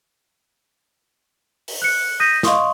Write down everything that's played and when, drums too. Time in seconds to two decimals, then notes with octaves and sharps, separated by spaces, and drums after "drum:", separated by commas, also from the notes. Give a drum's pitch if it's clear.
1.68 drum: open hi-hat
1.82 F#6 C#7
2.20 D#6 G6 A#6 B6 D#7
2.43 D#5 F5 C6 C#6 D#6, drum: snare